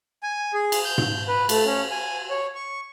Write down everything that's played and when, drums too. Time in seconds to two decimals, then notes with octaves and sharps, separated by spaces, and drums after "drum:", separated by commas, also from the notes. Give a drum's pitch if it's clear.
0.23 G#5
0.54 G#4
0.72 drum: cymbal
0.85 G6
0.98 drum: tom G#2
1.28 B4
1.49 A3, drum: cymbal
1.65 C#4
1.91 G#5
2.30 C#5
2.55 C#6